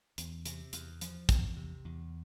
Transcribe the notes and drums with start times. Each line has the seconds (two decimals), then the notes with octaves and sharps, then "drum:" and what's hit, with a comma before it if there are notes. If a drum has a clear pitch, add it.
0.18 E2, drum: hi-hat
0.45 C3, drum: hi-hat
0.73 E2, drum: hi-hat
1.01 F3, drum: hi-hat
1.29 E2, drum: kick, hi-hat
1.56 C3
1.85 E2